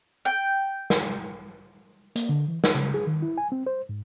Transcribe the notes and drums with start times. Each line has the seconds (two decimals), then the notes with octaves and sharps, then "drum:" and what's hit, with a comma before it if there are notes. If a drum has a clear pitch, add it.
0.25 G5
0.90 drum: snare
2.16 A#3, drum: hi-hat
2.29 D3
2.48 E3
2.64 D#4, drum: snare
2.75 C#3
2.94 G#4
3.07 D#3
3.22 E4
3.38 G#5
3.52 C4
3.66 C5
3.89 G#2